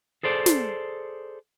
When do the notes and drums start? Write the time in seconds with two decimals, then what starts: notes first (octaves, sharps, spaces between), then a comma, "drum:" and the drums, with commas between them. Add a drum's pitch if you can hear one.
0.23 G#4 A4 C5 D5
0.46 drum: snare